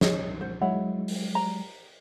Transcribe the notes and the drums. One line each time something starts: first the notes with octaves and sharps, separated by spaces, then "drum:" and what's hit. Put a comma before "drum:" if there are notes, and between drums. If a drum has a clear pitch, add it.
G#4 C#5 D#5, drum: snare
C5 F#5
F#3 G#3 E4 C#5 F#5
drum: open hi-hat
A#5